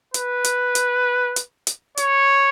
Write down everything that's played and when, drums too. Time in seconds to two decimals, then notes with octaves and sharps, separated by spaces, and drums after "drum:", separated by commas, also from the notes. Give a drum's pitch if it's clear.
0.14 B4, drum: hi-hat
0.44 drum: hi-hat
0.75 drum: hi-hat
1.36 drum: hi-hat
1.67 drum: hi-hat
1.97 C#5, drum: hi-hat